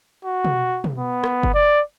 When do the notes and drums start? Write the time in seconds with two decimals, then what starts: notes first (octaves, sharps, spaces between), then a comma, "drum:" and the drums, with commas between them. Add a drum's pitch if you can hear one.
0.25 F#4
0.45 drum: tom
0.84 drum: tom
0.98 B3
1.24 drum: rim click
1.43 drum: kick F#1
1.54 D5